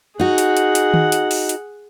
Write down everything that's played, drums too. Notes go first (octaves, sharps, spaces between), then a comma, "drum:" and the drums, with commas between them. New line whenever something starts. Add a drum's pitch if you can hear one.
D#4 F#4 G#4 F#5
drum: hi-hat
drum: hi-hat
drum: hi-hat
drum: tom D#3
drum: hi-hat
drum: open hi-hat
drum: hi-hat